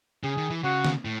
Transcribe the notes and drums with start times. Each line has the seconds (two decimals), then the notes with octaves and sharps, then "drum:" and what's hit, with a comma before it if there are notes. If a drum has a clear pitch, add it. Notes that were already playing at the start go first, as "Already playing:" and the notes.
0.23 C#3 G#4
0.37 D#3
0.50 E3
0.64 C#3 F#4
0.85 drum: snare
1.05 A2